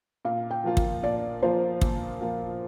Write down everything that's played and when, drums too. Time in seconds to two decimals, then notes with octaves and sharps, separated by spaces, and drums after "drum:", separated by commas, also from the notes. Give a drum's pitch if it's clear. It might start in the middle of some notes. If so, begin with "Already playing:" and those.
0.25 A#2 F5
0.51 G5
0.64 F3 A#3 F4
0.77 drum: kick
1.03 A#2 D5
1.42 F3 A#3 F4 C5
1.81 A#2, drum: kick
2.21 F3 A#3 F4